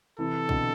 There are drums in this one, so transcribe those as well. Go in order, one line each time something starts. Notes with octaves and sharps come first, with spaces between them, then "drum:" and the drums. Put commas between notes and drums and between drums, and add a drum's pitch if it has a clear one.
C3 E3 A4
B2 D3, drum: kick B1